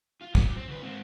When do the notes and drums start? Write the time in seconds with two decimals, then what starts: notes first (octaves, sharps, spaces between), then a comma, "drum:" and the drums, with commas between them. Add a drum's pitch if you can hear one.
0.22 F4
0.35 F#3 G4, drum: kick
0.57 C4
0.68 D2 B4
0.83 G#2 C4